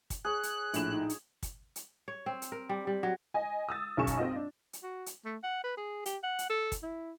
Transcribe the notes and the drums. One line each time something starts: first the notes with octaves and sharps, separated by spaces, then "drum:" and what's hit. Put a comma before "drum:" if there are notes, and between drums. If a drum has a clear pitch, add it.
drum: kick, hi-hat
G#4 C#5 F#6
drum: hi-hat
A#1 A2 E7, drum: hi-hat
D#4
drum: hi-hat
drum: kick, hi-hat
drum: hi-hat
C#5
C4
drum: hi-hat
A#4
G3
G3
F#3
D#5 G#5
D#6 E6 A6
B1 F#2 G#4 C#6 E7
drum: kick, hi-hat
C4 F4 D#5
D4
drum: hi-hat
F#4
drum: hi-hat
A3
F#5
B4
G#4
G4, drum: hi-hat
F#5
drum: hi-hat
A4
drum: kick, hi-hat
E4